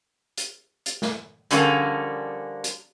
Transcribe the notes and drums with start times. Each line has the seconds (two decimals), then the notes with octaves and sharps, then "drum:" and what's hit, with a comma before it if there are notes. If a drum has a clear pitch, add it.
0.38 drum: hi-hat
0.86 drum: hi-hat
1.02 drum: snare
1.51 D3 F3 G3 A#3 C#4 G#4, drum: hi-hat
2.64 drum: hi-hat